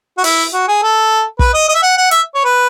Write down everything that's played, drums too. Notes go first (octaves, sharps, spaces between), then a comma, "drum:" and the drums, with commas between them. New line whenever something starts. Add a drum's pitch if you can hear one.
F#4
E4, drum: open hi-hat
F#4
G#4
A4
B4, drum: kick
D#5
D#5
E5
F#5
F#5
E5, drum: hi-hat
C#5
B4